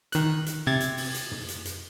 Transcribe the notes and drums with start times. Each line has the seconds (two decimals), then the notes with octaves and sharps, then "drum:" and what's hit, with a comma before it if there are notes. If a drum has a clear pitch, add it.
0.12 D#3 F#6, drum: hi-hat
0.46 drum: hi-hat
0.67 C3 G#6 A6
0.80 drum: hi-hat
0.97 drum: open hi-hat
1.14 drum: hi-hat
1.31 drum: tom
1.48 drum: hi-hat
1.65 drum: hi-hat